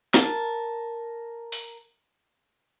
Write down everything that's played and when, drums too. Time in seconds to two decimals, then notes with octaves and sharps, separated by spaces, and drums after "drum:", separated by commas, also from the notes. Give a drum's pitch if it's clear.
0.14 A#4 A5, drum: snare
1.52 drum: open hi-hat